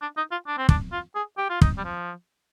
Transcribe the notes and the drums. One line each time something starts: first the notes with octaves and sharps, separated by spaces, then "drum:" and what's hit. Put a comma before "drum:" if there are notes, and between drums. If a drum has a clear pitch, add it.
D4
D#4
F4
D4
C4
D4, drum: kick
F4
G#4
G4
F4
D#4, drum: kick
G3
F3